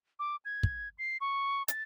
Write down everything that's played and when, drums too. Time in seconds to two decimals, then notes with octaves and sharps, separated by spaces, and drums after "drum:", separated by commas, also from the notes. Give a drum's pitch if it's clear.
0.19 D6
0.45 G#6
0.63 drum: kick
0.98 C7
1.21 C#6
1.68 A6, drum: hi-hat